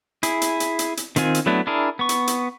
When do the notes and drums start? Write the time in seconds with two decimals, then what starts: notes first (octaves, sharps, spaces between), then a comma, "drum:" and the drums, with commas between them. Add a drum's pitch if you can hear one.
0.23 E4 G#4, drum: hi-hat
0.42 drum: hi-hat
0.60 drum: hi-hat
0.79 drum: hi-hat
0.97 drum: hi-hat
1.16 D#3 C4 F4 G#5, drum: hi-hat
1.35 drum: hi-hat
1.46 F#3 A3 B3 D4 E4
1.67 D4 E4 G#4 A#4
1.99 B3 C#6
2.09 drum: hi-hat
2.27 drum: hi-hat